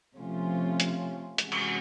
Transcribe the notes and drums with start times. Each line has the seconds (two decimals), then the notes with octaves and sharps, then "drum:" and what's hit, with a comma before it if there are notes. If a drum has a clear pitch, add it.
0.18 C3 F3 A3 C#4 F4
0.80 drum: hi-hat
1.38 C3 E3 G#3 C#4 F#4, drum: hi-hat
1.52 drum: cymbal